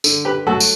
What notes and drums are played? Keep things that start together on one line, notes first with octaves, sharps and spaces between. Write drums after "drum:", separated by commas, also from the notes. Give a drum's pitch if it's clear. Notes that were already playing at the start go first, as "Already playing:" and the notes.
D3, drum: tambourine
G4 B4
F#3 A3 F#4 A4
drum: tambourine